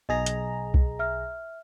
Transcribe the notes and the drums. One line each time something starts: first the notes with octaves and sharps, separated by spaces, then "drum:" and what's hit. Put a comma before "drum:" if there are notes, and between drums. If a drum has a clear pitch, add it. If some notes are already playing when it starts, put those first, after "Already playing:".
B1 G#4 D#5 A#5
drum: hi-hat
drum: kick C2
E5 F6